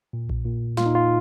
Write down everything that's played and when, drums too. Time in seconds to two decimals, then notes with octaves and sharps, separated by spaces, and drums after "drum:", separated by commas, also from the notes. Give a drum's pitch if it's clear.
0.13 A#2
0.29 drum: kick A#1
0.45 A#2
0.77 A#2 F4, drum: snare
0.86 D#4
0.95 F4